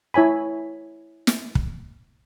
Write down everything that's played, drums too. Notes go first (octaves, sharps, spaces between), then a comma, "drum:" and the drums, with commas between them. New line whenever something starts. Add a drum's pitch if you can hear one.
E4 C#5 G#5 B5
drum: snare
drum: kick